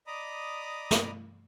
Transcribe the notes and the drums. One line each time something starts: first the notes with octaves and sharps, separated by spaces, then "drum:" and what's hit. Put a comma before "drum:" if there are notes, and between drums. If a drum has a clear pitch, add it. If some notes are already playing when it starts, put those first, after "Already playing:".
D5 D#5 A#5 B5 D6 D#6
drum: snare